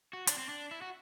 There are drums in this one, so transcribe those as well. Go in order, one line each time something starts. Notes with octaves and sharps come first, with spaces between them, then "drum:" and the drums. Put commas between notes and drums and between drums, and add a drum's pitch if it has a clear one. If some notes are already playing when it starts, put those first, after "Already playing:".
F#4
D4, drum: hi-hat
C4
D4
E4
F#4